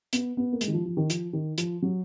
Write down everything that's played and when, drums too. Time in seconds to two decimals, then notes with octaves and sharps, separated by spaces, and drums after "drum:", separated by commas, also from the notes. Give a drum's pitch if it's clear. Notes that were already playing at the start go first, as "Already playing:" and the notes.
0.13 B3, drum: hi-hat
0.37 B3
0.53 A#3
0.61 G#3, drum: hi-hat
0.68 D#3
0.74 F3
0.86 F3
0.97 D#3
1.10 F3, drum: hi-hat
1.33 D#3
1.58 F3, drum: hi-hat
1.82 F#3